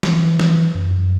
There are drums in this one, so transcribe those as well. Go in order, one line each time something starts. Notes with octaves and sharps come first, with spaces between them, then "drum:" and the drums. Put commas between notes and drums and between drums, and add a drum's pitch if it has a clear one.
E3, drum: snare
drum: snare
F#2